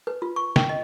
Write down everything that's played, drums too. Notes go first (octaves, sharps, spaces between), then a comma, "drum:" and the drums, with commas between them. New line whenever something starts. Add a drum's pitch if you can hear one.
B4
F4
C#6
G5, drum: snare
D#5